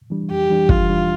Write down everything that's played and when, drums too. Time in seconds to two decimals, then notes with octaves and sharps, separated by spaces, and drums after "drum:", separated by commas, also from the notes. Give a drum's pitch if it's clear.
0.10 E3 G3 D4
0.31 F2 G4
0.50 E3 G3 D4
0.69 F2 F4, drum: kick
0.89 E3 G3 D4